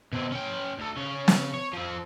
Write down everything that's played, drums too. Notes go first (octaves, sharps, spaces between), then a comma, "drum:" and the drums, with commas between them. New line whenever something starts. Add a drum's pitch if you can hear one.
B2 C4
C#4 G5
D2 A4
C#3 C#4
drum: snare
C#5
F3 C4